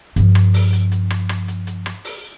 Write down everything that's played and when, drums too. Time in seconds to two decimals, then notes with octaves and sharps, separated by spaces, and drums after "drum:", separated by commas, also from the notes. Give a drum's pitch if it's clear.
0.16 G2 F3, drum: hi-hat
0.35 drum: rim click
0.54 drum: open hi-hat
0.73 drum: hi-hat
0.92 drum: hi-hat
1.10 drum: rim click
1.29 drum: rim click
1.48 drum: hi-hat
1.67 drum: hi-hat
1.86 drum: rim click
2.05 drum: open hi-hat